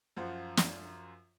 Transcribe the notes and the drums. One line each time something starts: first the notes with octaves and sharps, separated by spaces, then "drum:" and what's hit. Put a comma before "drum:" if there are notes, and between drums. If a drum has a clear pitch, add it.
F#2 F3 F4 C5 F#5
drum: snare